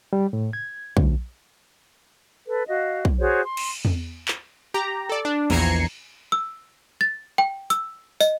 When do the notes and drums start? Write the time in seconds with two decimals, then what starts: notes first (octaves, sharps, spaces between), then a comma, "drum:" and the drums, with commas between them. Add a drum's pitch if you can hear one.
0.13 G3
0.33 A2
0.53 G#6
0.97 D2, drum: kick
2.46 A4 B4
2.68 F#4 D#5 F5
3.05 drum: kick
3.19 F#4 G#4 C5 C#5
3.44 C6
3.57 drum: cymbal
3.85 drum: tom E2
4.28 drum: clap
4.74 G4 A#5
5.09 A4 D5
5.25 D4
5.50 A#1 E2 A#5 G#6 C7 C#7, drum: cymbal
6.32 E6
7.01 A6
7.38 G5
7.70 E6, drum: hi-hat
8.21 D#5, drum: tambourine